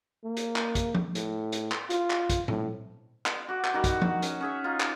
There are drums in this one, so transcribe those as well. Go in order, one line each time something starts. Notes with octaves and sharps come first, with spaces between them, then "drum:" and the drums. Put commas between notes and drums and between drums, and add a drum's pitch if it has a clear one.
A#3
drum: hi-hat
drum: clap
drum: kick, hi-hat
drum: tom F3
A2, drum: hi-hat
drum: hi-hat
drum: clap
F4, drum: hi-hat
drum: clap
drum: kick, hi-hat
A2, drum: tom A2
drum: clap
F#4 D6
drum: clap
D#3 G3 F#4
drum: kick, hi-hat
F#4, drum: tom F3
C#4, drum: hi-hat
C#4 G#4 E5
D#4 F4
drum: clap